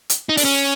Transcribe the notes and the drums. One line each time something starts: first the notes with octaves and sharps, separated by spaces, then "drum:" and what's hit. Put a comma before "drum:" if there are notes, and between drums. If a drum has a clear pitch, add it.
drum: hi-hat
D#4
D4, drum: open hi-hat
C#4